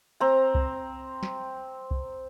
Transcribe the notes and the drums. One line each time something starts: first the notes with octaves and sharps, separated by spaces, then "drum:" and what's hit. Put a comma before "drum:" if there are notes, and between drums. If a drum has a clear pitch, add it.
C4 A#5
drum: kick C2
drum: snare
drum: kick C2